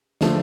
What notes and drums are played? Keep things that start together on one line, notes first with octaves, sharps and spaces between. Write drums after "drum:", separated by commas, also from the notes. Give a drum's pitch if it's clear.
D3 F3 A3, drum: snare